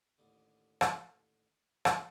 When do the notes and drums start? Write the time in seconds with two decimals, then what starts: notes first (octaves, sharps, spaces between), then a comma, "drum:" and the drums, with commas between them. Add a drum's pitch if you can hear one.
0.18 A1 D#2 D3
0.81 drum: rim click
1.85 drum: rim click